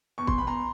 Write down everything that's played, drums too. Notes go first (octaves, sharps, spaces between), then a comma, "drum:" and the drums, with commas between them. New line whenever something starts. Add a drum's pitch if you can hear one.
E2 C#6
C6, drum: kick
E2 B5
A#5 C6